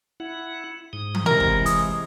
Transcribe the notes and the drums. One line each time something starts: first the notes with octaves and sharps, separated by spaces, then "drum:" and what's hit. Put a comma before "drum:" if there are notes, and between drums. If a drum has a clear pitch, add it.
E4 F#5
G#2 D#6
drum: tom E3
C3 E3 G#3 A#4
drum: kick
D#6, drum: hi-hat